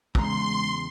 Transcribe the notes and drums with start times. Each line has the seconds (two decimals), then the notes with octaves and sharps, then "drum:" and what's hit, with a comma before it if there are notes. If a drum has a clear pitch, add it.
0.15 E2 C#3 G#3 A#5 C6, drum: kick